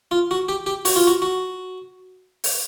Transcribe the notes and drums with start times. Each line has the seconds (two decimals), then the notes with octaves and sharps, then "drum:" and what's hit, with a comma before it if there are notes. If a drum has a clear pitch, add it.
0.11 F4
0.31 F#4
0.49 G4
0.66 G4
0.85 F#4, drum: open hi-hat
0.96 F4
1.07 F#4
1.22 F#4
2.44 drum: open hi-hat